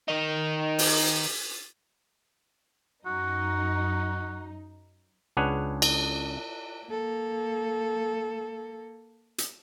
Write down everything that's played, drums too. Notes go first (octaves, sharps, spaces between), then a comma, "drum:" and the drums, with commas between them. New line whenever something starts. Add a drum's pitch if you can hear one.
D#3 D#4
drum: open hi-hat
F#2 D#4 F#4
C#2 C#4 D4 G#4 B4 F#5
drum: cymbal
A#3 A4
drum: hi-hat